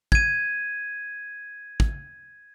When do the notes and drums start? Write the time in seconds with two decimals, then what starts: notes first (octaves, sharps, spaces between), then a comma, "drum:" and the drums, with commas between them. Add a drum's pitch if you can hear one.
0.12 G#6 D#7, drum: kick
1.80 drum: kick